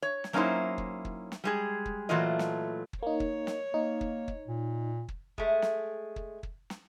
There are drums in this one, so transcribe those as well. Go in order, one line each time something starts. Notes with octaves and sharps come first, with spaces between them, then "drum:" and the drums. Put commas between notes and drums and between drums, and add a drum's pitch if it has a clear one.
C#5
drum: snare
F#3 A#3 C#4 D#4 E4 C5
drum: kick
drum: kick
drum: snare
G3 G#3 G#4
drum: kick
A#2 E3 F#3 A3 F4 D#5
drum: snare
drum: kick
A#3 D#4 C#5
drum: kick
drum: snare
A#3 D#4
drum: kick
drum: kick
A#2
drum: kick
G#3 A3, drum: kick
drum: snare
drum: kick
drum: kick
drum: snare